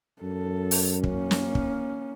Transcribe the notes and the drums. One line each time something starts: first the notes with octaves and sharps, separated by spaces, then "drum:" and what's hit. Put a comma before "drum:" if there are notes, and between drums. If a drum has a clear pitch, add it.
F#2 A4
drum: open hi-hat
A#3 C#4, drum: kick
drum: snare
drum: kick